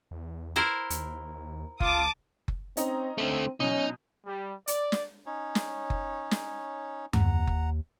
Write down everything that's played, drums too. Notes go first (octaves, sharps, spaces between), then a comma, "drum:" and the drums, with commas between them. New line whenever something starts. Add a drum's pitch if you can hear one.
E2
E4 A#4 C5
D#2, drum: hi-hat
C#2 F4 A5 D6 D#6, drum: kick F#1
drum: kick F#1
C4 C#4 D#4 A#5, drum: hi-hat
D3 A3 C4
B2 F#3 C#4 D#4
G3
D5, drum: hi-hat
drum: snare
C#4 D#4 C#5
drum: snare
drum: kick F#1
drum: snare
D#2 F#5 A#5, drum: tom F#2
drum: kick F#1